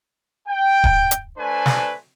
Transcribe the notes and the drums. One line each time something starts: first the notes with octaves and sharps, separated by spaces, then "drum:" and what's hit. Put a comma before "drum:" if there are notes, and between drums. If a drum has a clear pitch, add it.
G5
drum: kick D1
drum: hi-hat
A3 D4 B4 C5 G#5
drum: snare